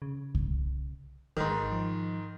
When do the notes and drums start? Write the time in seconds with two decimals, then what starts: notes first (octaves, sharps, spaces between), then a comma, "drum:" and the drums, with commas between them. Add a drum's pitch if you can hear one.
0.02 C#3
0.35 drum: kick C2
1.37 G#1 G#2 D#3
1.72 F3